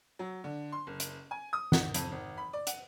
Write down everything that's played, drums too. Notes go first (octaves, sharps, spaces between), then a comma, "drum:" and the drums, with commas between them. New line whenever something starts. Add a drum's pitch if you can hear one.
F#3
D3
C6
F#1
drum: hi-hat
G#5
D#6
F#5, drum: snare
F2, drum: hi-hat
G#1
B5
D5
F#5, drum: hi-hat